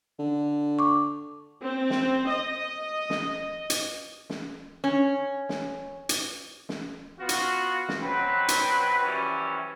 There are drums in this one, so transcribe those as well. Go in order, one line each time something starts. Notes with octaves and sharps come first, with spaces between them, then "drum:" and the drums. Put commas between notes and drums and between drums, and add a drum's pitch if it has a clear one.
D3
C#6 D6
C4
drum: snare
D#5
drum: snare
drum: hi-hat
drum: snare
C#4
drum: snare
drum: hi-hat
drum: snare
B3 F4 F#4
drum: hi-hat
drum: snare
B2 F#3 C4 B4
drum: hi-hat
F#2 E3 F3 G3 C#4 E4